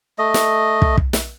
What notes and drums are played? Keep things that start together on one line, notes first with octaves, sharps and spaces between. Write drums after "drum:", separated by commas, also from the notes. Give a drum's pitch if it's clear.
A3 D#5
drum: snare
drum: kick
drum: kick
drum: snare